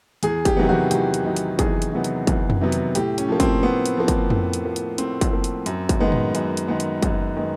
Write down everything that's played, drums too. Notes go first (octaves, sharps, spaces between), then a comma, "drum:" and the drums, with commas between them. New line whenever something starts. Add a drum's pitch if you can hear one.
E2 G#4, drum: hi-hat
G4, drum: kick, hi-hat
C3 D#3 F#3 B3
F#4, drum: tom E3
E2 G4, drum: hi-hat
drum: hi-hat
C3 D#3 F#3 B3
drum: hi-hat
E2 G#4, drum: kick, hi-hat
drum: hi-hat
C3 D#3 F#3 B3
drum: hi-hat
E2, drum: kick, hi-hat
drum: tom F2
C3 D#3 F#3 B3
drum: hi-hat
A2 G4, drum: hi-hat
C#4, drum: hi-hat
F3 A#3
C4, drum: kick, hi-hat
A2 B3
drum: hi-hat
F3 A#3
drum: kick, hi-hat
A2, drum: tom F2
drum: hi-hat
F3 A#3
drum: hi-hat
A2 C4, drum: hi-hat
drum: kick, hi-hat
F3 A#3
drum: hi-hat
F#2, drum: hi-hat
drum: kick, hi-hat
D#3 G#3 B3
drum: tom A2
F#2, drum: hi-hat
drum: hi-hat
D#3 G#3 B3
drum: hi-hat
F#2, drum: kick, hi-hat
D#3 G#3 B3